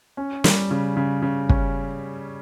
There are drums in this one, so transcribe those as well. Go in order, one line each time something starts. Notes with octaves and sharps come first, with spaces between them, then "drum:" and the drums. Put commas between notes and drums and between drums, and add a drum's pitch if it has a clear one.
C#4
G3, drum: snare
C#3
C#3
C#3
C#4, drum: kick